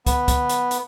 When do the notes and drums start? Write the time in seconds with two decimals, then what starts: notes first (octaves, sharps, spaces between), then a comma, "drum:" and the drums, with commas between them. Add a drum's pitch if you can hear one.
0.07 B3, drum: kick, hi-hat
0.28 drum: kick, hi-hat
0.49 drum: hi-hat
0.71 drum: hi-hat